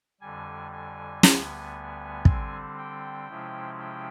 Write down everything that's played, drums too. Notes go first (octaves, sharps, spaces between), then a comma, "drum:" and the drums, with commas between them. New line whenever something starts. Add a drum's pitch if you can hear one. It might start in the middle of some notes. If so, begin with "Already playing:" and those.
F2 D3 G3 G#5
G#5
D2 D3 G3 B3, drum: snare
D3 G3 C4, drum: kick
G5
C3 F3 G#3 C#4 E4
G5